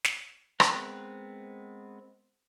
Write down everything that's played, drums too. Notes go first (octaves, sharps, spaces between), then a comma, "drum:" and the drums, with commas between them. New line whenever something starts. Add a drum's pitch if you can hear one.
drum: snare
G#3 B3 C4 A#4 F#6, drum: rim click